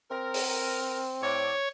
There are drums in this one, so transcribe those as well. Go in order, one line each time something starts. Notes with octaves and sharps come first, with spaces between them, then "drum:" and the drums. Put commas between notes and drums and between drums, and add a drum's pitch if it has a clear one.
C4 A#4
drum: open hi-hat
A2 C#5 D5